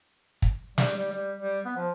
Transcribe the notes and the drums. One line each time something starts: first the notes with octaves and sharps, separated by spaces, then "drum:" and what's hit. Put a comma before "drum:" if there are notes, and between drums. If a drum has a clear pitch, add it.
drum: kick
G3, drum: snare
G3
G3
G3
B3
F3